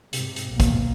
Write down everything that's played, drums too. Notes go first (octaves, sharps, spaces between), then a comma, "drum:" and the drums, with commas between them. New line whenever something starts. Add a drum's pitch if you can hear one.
G#2 C3, drum: hi-hat
drum: hi-hat
B1 A#3
drum: kick, hi-hat